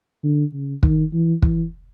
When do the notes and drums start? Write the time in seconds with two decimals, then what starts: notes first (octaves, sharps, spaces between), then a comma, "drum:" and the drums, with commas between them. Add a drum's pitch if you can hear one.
0.23 D3
0.53 C#3
0.83 D#3, drum: kick
1.13 E3
1.42 E3, drum: kick